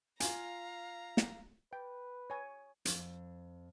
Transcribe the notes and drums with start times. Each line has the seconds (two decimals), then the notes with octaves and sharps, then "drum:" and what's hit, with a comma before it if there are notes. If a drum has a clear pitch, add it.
0.20 F4 F5 G#5 A#5, drum: hi-hat
1.17 drum: snare
1.73 B4 G5
2.30 C#5 G#5
2.85 F2, drum: hi-hat